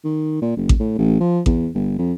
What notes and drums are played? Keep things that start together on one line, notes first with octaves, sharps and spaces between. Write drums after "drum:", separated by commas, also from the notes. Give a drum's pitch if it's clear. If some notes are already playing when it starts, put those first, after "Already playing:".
D#3
A#2
F#1
drum: kick A1
A2
A1
F3
E2, drum: kick A1
G1
F2